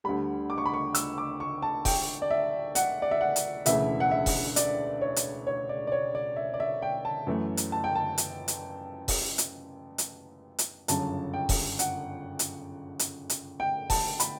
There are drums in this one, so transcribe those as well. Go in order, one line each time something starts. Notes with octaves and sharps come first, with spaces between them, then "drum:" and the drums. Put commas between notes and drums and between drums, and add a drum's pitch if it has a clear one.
D2 D3 G3 B5
D6
C#6
B5
C#6
E6, drum: hi-hat
D6
C#6
A5
G5, drum: kick E1, open hi-hat
D5
E5
F#5, drum: hi-hat
D5
E5
F#5
drum: hi-hat
E1 D2 C#3 E3 E5, drum: hi-hat
F#5
E5
drum: kick E1, open hi-hat
D5, drum: hi-hat
C#5
drum: hi-hat
C#5
D5
D5
C#5
D5
E5
D5
E5
G5
A5
F#2 E3 A3
drum: hi-hat
A5
G5
A5
drum: hi-hat
drum: hi-hat
drum: kick E1, open hi-hat
drum: hi-hat
drum: hi-hat
drum: hi-hat
G1 F#2 C#3 A5, drum: hi-hat
G5
drum: kick E1, open hi-hat
F#5, drum: hi-hat
drum: hi-hat
drum: hi-hat
drum: hi-hat
G5
A5, drum: kick E1, open hi-hat
B5, drum: hi-hat